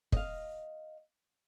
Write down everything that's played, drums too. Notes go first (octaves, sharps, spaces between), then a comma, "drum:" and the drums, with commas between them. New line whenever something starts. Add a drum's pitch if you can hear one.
D#5 F5, drum: kick